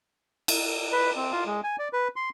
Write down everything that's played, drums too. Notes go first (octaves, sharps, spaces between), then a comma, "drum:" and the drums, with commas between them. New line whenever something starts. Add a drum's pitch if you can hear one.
drum: cymbal
B4
C4
F4
G#3
G#5
D5
B4
C6